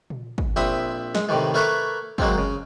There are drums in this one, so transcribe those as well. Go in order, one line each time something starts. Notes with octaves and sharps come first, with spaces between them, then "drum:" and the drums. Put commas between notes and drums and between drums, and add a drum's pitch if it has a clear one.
drum: tom A#2
drum: kick
A#1 C4 E5 B5 D#6
G#3, drum: snare
A2 C3 D#3 E3
A3 A#4 B4 C#5 D6
F#3 G#3 A#3 C4, drum: kick
C#3